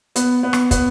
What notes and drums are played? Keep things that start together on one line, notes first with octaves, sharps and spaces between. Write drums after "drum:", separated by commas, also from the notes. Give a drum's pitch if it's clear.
B3, drum: hi-hat
B3
drum: rim click
B3, drum: kick, hi-hat